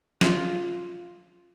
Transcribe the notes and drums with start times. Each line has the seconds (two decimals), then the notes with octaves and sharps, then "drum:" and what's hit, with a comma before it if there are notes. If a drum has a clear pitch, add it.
0.21 F4, drum: snare